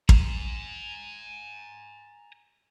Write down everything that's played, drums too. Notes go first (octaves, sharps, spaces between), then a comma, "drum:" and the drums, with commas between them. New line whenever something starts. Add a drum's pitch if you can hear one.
G#5 A#5, drum: kick